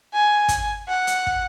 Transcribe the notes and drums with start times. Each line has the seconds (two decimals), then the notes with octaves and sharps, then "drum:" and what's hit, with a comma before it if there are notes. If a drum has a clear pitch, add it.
0.13 G#5
0.48 drum: kick, hi-hat
0.88 F#5
1.07 drum: hi-hat
1.27 drum: kick